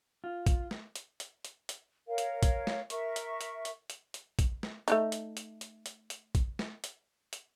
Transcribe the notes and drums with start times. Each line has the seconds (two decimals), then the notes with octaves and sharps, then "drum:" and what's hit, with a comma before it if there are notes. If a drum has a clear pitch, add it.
0.24 F4
0.46 drum: kick, hi-hat
0.71 drum: snare
0.96 drum: hi-hat
1.20 drum: hi-hat
1.45 drum: hi-hat
1.69 drum: hi-hat
2.08 A#4 C#5 F5
2.18 drum: hi-hat
2.43 drum: kick, hi-hat
2.67 drum: snare
2.90 A#4 E5 C#6, drum: hi-hat
3.16 drum: hi-hat
3.41 drum: hi-hat
3.65 drum: hi-hat
3.90 drum: hi-hat
4.14 drum: hi-hat
4.39 drum: kick, hi-hat
4.63 drum: snare
4.88 A3 D4 D#4, drum: hi-hat
5.12 drum: hi-hat
5.37 drum: hi-hat
5.61 drum: hi-hat
5.86 drum: hi-hat
6.10 drum: hi-hat
6.35 drum: kick, hi-hat
6.59 drum: snare
6.84 drum: hi-hat
7.33 drum: hi-hat